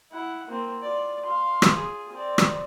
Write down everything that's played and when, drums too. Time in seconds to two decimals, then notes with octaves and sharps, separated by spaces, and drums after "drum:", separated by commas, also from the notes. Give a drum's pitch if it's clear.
0.11 E4 F#5
0.48 A#3 C4
0.82 F4 D5
1.26 F5 C6
1.62 drum: rim click
1.75 F4 G#4
2.13 C4 D5
2.38 drum: rim click